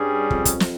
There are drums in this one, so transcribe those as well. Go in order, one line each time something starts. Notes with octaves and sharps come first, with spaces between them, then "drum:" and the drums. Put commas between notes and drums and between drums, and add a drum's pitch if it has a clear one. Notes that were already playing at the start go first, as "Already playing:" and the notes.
Already playing: G2 G3 C#4 G#4
F2, drum: kick
drum: kick, hi-hat
drum: snare